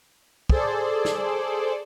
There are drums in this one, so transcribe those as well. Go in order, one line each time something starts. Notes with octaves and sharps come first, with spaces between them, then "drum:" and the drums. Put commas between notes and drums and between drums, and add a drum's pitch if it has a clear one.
G#4 A4 C5 D5, drum: kick
drum: snare